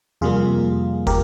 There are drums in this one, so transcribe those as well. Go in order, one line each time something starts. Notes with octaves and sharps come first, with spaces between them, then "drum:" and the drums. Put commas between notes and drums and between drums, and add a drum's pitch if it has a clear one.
F2 C3 G3 A#3 F4 G#4
G4 A#4, drum: kick